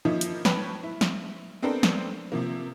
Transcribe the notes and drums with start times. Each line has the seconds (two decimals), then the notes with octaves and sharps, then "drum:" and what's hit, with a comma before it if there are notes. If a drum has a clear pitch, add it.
0.05 D#3 F3 A#3 C#4 D#4 E4
0.21 drum: hi-hat
0.45 B4 C#5 G5 A5 B5, drum: snare
0.83 E4
1.01 drum: snare
1.62 B3 C4 D4 A4 A#4 C5
1.83 drum: snare
2.32 C3 F3 A#3